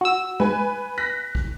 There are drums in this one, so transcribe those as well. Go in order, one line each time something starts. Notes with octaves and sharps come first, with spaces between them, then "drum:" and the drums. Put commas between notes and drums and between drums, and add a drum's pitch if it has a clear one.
F#4 E6
G#2 B4 G#5
F#6 A#6 B6
drum: kick